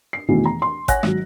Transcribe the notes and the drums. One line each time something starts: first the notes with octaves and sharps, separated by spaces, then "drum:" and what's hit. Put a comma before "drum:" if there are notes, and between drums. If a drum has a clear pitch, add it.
C7
E2 B2 D#3 E3 A3 B3
A#5
C6
C#5 F#5 G#5 F#6 A#6, drum: kick G#1, hi-hat
G#1 F#3, drum: rim click